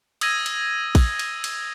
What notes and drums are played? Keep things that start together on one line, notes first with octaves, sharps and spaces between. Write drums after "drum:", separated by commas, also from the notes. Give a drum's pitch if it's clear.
D#6 E6 G#6 A#6 D#7, drum: cymbal
drum: cymbal
drum: kick, cymbal
drum: cymbal
drum: cymbal